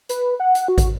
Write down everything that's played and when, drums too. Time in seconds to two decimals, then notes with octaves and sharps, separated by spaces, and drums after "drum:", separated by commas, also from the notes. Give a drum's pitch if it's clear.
0.09 B4, drum: hi-hat
0.40 F#5
0.55 drum: hi-hat
0.68 F#4
0.78 drum: kick, hi-hat